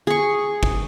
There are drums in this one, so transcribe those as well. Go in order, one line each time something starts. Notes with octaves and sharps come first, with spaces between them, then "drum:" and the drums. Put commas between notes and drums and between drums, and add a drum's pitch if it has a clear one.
G#4 C#6
drum: kick